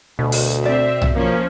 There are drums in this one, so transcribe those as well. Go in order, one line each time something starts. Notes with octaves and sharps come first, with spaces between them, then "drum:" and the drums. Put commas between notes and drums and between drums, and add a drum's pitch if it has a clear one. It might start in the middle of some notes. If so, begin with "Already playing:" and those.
D2 B2
drum: open hi-hat
C4 D5 E5
drum: tom B1
F3 A#3 C#4